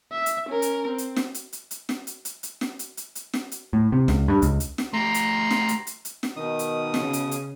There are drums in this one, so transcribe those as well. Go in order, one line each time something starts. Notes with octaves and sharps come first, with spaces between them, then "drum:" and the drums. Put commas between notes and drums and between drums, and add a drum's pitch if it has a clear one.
E5
drum: hi-hat
C#4 A#4
drum: hi-hat
C4
drum: hi-hat
drum: snare
drum: hi-hat
drum: hi-hat
drum: hi-hat
drum: snare
drum: hi-hat
drum: hi-hat
drum: hi-hat
drum: snare
drum: hi-hat
drum: hi-hat
drum: hi-hat
drum: snare
drum: hi-hat
A2
C3
C#2, drum: snare
G2
C#2, drum: hi-hat
drum: hi-hat
drum: snare
A3 G4 A#5 C6
drum: hi-hat
drum: snare
drum: hi-hat
drum: hi-hat
drum: hi-hat
drum: snare
B2 D#3 D#6
drum: hi-hat
C#3, drum: snare
drum: hi-hat
drum: hi-hat